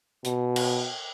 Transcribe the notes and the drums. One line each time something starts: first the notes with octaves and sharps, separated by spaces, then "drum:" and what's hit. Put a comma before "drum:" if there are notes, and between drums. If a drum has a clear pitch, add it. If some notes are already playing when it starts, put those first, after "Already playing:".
B2, drum: hi-hat
drum: cymbal